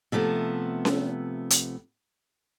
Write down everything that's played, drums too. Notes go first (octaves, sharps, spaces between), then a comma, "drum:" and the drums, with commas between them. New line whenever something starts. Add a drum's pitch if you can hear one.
C3 F3 A3 B3
drum: snare C#4
drum: hi-hat